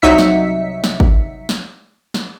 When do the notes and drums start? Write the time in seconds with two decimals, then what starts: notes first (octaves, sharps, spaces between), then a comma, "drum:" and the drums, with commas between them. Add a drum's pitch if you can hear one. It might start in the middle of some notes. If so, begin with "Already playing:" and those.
0.02 C2 F#3 D#4 E5 B6 C#7
0.18 drum: snare
0.84 drum: snare
1.00 drum: kick G#1
1.49 drum: snare
2.14 drum: snare